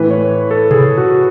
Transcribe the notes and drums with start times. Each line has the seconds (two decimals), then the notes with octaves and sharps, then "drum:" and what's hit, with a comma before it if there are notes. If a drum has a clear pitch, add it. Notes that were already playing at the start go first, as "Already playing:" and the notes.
Already playing: A2 E3 B4
0.11 C#5
0.51 A4
0.71 G#4, drum: tom B2
0.98 F#4